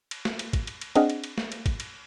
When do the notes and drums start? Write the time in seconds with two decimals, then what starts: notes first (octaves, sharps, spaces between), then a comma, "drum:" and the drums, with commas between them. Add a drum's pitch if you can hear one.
0.11 drum: cymbal
0.25 drum: snare
0.39 drum: cymbal
0.53 drum: kick, cymbal
0.67 drum: cymbal
0.81 drum: cymbal
0.95 C4 D4 G#4 D#5 F5 F#5, drum: cymbal
1.10 drum: cymbal
1.24 drum: cymbal
1.38 drum: snare
1.52 drum: cymbal
1.66 drum: kick, cymbal
1.80 drum: cymbal